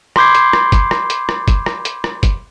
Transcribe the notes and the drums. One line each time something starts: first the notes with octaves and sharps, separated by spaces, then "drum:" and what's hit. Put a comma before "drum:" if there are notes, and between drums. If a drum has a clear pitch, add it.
B5 C6 D6 G6 G#6 C7, drum: rim click
drum: hi-hat
drum: rim click
drum: kick, hi-hat
drum: rim click
drum: hi-hat
drum: rim click
drum: kick, hi-hat
drum: rim click
drum: hi-hat
drum: rim click
drum: kick, hi-hat